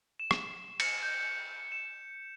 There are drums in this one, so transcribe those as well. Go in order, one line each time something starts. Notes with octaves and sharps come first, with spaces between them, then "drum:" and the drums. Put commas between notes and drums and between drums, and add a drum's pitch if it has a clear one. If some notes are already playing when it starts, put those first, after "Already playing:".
E7
drum: rim click
C#7, drum: cymbal
G6
E7